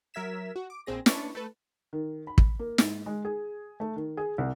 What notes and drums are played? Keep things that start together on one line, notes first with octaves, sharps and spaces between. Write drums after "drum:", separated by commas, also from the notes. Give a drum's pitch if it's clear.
F#3 A#4 E5 G#6 B6 E7
F#4
D6
A#1 C4 G#4 A#6
C#4 D4 B4 A5 C#6, drum: snare
A3 A4 B4
D#3
B5
drum: kick
A#3
G#2, drum: snare
G#3
G#4
A3
D#3
G#4
C2